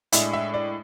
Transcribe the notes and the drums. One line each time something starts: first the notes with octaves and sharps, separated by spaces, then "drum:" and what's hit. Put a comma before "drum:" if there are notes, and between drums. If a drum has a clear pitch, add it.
A2 G#3 D4 E5, drum: hi-hat
E5
D5